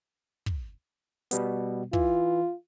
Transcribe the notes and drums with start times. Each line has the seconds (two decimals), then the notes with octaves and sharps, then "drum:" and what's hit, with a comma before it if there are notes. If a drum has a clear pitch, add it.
0.46 drum: kick
1.31 B2 G3 B3, drum: hi-hat
1.93 E3 F4, drum: kick